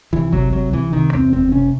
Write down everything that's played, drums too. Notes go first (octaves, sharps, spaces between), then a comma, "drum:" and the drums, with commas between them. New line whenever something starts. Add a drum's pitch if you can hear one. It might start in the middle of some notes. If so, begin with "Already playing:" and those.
C2 E3
C3 F#3, drum: kick G1
C2 F#3
C2 E3
C3 D#3
E2 C4
F#1 C4
C3 C#4